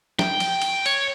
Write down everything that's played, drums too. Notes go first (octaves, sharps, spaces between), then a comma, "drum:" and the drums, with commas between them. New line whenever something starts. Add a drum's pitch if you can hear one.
G5, drum: snare
drum: cymbal
drum: cymbal
C#5, drum: cymbal